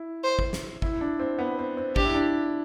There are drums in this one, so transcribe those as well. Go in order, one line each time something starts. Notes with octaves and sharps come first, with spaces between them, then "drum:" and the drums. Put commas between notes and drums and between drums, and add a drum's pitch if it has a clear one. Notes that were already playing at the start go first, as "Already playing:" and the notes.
Already playing: E4
C5
drum: kick
drum: snare
E4, drum: kick
D4
C4
B3
C4
C4
D4 G4, drum: kick
E4
D4